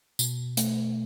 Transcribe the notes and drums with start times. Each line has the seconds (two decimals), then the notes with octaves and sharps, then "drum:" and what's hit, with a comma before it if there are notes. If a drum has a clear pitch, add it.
0.19 B2, drum: tambourine
0.57 A3, drum: hi-hat